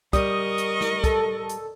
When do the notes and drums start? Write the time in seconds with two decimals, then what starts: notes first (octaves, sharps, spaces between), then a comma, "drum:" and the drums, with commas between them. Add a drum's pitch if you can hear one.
0.13 G3 A#4 D#5 C#6 D#6, drum: kick, hi-hat
0.58 drum: hi-hat
0.81 drum: snare
1.04 A4, drum: kick, hi-hat
1.49 drum: hi-hat